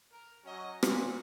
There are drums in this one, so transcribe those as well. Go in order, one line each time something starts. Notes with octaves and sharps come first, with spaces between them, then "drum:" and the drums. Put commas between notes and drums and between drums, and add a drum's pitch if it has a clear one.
A#4
F#3 C#4 D#5
A#2 F#4, drum: rim click